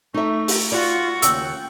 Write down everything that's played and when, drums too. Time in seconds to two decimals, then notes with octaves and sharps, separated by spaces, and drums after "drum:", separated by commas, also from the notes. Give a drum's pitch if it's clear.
0.14 A3 D#4 E5 C#6
0.48 drum: open hi-hat
0.72 F4 F#4 D5 C#6
1.22 D#2 C#3 G5 E6, drum: hi-hat